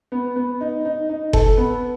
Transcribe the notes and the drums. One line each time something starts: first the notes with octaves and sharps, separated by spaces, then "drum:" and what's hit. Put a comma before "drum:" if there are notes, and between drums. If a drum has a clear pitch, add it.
B3
B3
D#4
D#4
D#4
A4, drum: kick F#1
B3